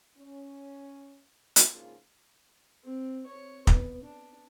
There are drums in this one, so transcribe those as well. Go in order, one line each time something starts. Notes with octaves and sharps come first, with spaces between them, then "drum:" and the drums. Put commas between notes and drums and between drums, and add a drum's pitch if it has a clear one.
C#4
drum: hi-hat
G#2 C#3 A#3 D4 F4
C4
C#5
B3, drum: kick
D4